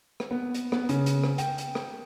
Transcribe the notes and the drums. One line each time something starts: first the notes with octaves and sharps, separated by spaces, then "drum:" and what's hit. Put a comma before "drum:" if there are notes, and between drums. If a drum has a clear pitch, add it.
drum: rim click
B3
drum: hi-hat
B3, drum: rim click
C#3, drum: hi-hat
drum: hi-hat
drum: rim click
G5, drum: hi-hat
drum: hi-hat
drum: rim click